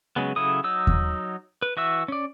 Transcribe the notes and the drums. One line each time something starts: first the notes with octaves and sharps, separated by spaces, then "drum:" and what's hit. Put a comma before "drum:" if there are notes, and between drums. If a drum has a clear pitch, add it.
C#3 F#3 G#3 B3
C#3 F#3 E4 A4 D#6
F#3 D#4 E6
drum: kick D#2
B4
E3 F#4 E5 E6
C#4 D5